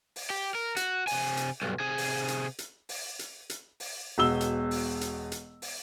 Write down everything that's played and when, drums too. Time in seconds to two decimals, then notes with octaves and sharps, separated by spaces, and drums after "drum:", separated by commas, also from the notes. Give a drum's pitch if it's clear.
0.16 drum: open hi-hat
0.30 G4
0.55 A#4
0.77 F#4, drum: hi-hat
1.07 C3 G#5, drum: open hi-hat
1.37 drum: hi-hat
1.62 B1 G2
1.80 C3 G#4
1.98 drum: open hi-hat
2.28 drum: hi-hat
2.59 drum: hi-hat
2.89 drum: open hi-hat
3.19 drum: hi-hat
3.50 drum: hi-hat
3.80 drum: open hi-hat
4.18 E1 B2 E6 G7
4.41 drum: hi-hat
4.71 drum: open hi-hat
5.01 drum: hi-hat
5.32 drum: hi-hat
5.62 drum: open hi-hat